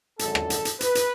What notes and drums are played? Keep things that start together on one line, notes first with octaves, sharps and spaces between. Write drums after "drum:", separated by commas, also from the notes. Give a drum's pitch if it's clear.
G#1 F#2 D3 G#3 A4, drum: hi-hat
drum: rim click
drum: hi-hat
drum: hi-hat
B4, drum: hi-hat
drum: hi-hat